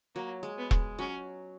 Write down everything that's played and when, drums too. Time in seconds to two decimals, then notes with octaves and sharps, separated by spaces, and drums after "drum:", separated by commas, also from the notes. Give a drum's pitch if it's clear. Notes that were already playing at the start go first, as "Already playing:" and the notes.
0.15 F#3 A#3
0.43 G#3
0.58 B3
0.71 G#3, drum: kick E1
0.99 F#3 C#4